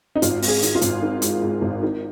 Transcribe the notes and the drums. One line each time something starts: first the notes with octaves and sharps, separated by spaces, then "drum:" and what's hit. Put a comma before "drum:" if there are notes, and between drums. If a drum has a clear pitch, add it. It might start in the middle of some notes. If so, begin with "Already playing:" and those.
D#4
G#1 F4, drum: hi-hat
G#2, drum: open hi-hat
G#4
D#3, drum: hi-hat
F4
G#1, drum: hi-hat
D#3
G#2, drum: hi-hat
G#2
G#1
D#3